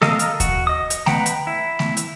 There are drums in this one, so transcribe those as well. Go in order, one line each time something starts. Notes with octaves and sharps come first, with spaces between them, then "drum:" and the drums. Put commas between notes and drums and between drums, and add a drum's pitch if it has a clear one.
A4 A#4 D#5 F5, drum: snare A3
drum: hi-hat
F#4, drum: kick D#2, hi-hat
D#5 D#6
drum: hi-hat
B4 F#5 G5 A#5, drum: snare A3
drum: hi-hat
E4
drum: snare A3
drum: hi-hat